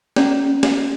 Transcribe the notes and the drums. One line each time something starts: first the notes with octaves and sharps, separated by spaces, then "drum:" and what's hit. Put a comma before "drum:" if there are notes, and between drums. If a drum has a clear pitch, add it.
C#4 D5 A#5, drum: snare
drum: snare